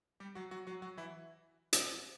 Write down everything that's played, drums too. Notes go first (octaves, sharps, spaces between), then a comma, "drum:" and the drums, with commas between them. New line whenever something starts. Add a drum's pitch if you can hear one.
G3 G4
F#3 F#4
F#3 F#4
F#3 F#4
F#3 F#4
E3 E4
drum: hi-hat